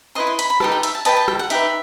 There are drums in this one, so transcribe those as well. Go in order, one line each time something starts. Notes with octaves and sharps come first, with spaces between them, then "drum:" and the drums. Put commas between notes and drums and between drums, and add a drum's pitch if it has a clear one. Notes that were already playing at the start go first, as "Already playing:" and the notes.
E4 B4 D#5 C6
C6
B5, drum: hi-hat
B5
D#4 G4 B4 A5, drum: rim click
G5
E5, drum: hi-hat
A5
G4 B4 D#5 A5, drum: hi-hat
A5
G5, drum: rim click
F#5
D#4 G4 B4 E5, drum: hi-hat